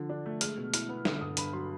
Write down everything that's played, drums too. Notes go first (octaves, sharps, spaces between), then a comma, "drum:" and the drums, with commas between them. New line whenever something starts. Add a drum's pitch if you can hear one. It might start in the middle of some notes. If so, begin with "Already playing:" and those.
Already playing: D3 F3
D4
A3
G#3 F6, drum: hi-hat
B2
E4 F6, drum: hi-hat
B3
D3, drum: snare
G2 D#6
G2 B5, drum: hi-hat
F#3 C6